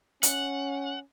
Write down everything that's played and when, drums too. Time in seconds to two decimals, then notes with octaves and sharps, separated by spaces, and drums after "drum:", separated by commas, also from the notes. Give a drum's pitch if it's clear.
0.23 C#4 F#5, drum: hi-hat